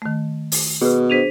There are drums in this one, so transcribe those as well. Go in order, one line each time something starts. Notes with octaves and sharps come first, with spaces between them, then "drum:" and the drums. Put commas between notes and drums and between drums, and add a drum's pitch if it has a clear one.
D#3 A3
drum: open hi-hat
B2 G#4 B4
D4 G#4 C5 B6 D#7 F7